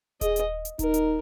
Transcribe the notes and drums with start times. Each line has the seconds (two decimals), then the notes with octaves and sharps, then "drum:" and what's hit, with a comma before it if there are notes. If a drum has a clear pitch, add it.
0.21 G#4 D#5, drum: kick D#1, hi-hat
0.36 drum: hi-hat
0.65 drum: hi-hat
0.79 D#4 A#4, drum: kick D#1, hi-hat
0.94 drum: hi-hat